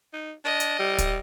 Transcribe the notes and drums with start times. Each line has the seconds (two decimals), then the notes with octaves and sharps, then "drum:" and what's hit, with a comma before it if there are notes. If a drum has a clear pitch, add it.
0.13 D#4
0.45 D4 D#5
0.60 drum: hi-hat
0.79 G3
0.98 drum: kick, hi-hat